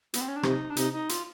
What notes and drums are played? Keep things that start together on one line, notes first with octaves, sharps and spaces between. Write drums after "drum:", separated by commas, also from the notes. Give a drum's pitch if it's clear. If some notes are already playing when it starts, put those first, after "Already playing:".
B3, drum: hi-hat
C4
C#4
D4
C3 D#4, drum: rim click
D4
C3 D#4, drum: hi-hat
D#4
F4, drum: hi-hat